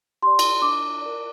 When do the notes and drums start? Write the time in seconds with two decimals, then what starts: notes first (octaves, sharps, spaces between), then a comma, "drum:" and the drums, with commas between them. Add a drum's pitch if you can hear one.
0.23 G4 D5 C6
0.39 drum: cymbal
0.62 D4 D6
1.02 A#4 D5